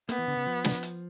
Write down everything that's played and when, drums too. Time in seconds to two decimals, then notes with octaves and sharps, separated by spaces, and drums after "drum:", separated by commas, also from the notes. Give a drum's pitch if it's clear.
0.09 A#3 B3, drum: hi-hat
0.18 E3
0.28 D3
0.37 C#3
0.46 F3
0.64 drum: snare
0.83 drum: hi-hat